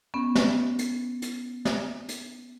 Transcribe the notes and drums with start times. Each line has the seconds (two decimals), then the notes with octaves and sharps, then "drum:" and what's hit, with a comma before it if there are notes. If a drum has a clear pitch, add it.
0.14 B3 C#4
0.35 drum: snare
0.79 drum: hi-hat
1.22 drum: hi-hat
1.65 drum: snare
2.09 drum: hi-hat